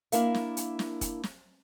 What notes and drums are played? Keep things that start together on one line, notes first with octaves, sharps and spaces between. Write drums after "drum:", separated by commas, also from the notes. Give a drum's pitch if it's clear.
A#3 D4 E4 A#4 E5 F5, drum: hi-hat
drum: snare
drum: hi-hat
drum: snare
drum: kick F1, hi-hat
drum: snare